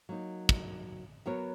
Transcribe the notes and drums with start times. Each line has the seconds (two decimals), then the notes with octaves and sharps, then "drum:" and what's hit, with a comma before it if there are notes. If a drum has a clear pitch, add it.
0.09 F#3 A#3 D#4
0.49 drum: kick
1.26 F#3 B3 F#4 A#4 C#5